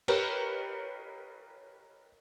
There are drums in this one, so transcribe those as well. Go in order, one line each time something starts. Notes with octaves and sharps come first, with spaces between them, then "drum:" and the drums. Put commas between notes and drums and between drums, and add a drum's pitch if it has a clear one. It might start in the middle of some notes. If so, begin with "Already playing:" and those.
G4 A#4 B4 C#5, drum: cymbal